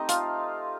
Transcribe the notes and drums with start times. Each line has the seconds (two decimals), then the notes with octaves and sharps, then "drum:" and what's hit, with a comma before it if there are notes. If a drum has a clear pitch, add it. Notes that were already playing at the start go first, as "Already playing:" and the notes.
Already playing: A3 C4 D#4 G4 D#5 G5 A5
0.09 F4 F5, drum: hi-hat